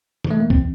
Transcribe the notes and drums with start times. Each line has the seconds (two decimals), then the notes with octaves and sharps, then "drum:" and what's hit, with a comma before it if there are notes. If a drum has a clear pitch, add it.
0.24 F2 E3, drum: tom B2
0.31 A3
0.40 A#3
0.50 C4, drum: kick B1